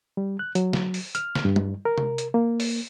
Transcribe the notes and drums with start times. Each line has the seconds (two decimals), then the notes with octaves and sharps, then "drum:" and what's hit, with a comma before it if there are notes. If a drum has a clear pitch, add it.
0.17 G3
0.39 F#6
0.55 F#3, drum: hi-hat
0.73 drum: snare
0.94 drum: open hi-hat
1.15 F6, drum: hi-hat
1.35 drum: snare
1.45 G2
1.56 drum: tom G3
1.85 A#4
1.98 drum: tom C3
2.18 drum: hi-hat
2.34 A#3
2.60 drum: open hi-hat